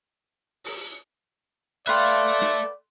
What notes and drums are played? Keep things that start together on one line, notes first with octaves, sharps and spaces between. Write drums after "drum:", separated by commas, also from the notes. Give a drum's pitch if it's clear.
drum: open hi-hat
A4 B4 D5 E5 F5 G5 C6 F#6
drum: snare